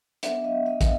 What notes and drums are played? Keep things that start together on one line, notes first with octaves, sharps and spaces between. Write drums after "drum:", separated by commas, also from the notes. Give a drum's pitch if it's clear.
F#3 B3 D4 E5 F#5, drum: hi-hat
D#5 F5
D#5 F5
drum: kick, hi-hat